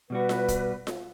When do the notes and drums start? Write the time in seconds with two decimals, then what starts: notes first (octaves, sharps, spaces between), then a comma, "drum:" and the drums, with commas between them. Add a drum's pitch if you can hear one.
0.10 B2 G3 F#4 B4
0.29 drum: snare F4
0.48 drum: kick, hi-hat
0.87 drum: snare F4